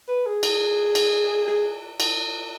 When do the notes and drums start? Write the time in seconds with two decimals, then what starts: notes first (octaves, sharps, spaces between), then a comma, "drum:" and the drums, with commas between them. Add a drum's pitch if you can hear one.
0.08 B4
0.26 G#4
0.43 drum: cymbal
0.95 drum: cymbal
1.47 G#4
2.00 drum: cymbal